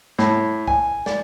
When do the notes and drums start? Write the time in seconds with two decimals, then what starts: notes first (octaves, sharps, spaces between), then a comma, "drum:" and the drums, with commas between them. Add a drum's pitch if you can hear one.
0.19 A2, drum: snare
0.68 G#5, drum: kick
1.06 D5, drum: snare